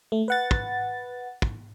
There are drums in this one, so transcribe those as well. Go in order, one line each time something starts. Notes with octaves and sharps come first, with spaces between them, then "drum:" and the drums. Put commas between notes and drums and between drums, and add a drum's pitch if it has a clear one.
A3
B4 F#5 A6
drum: kick
drum: kick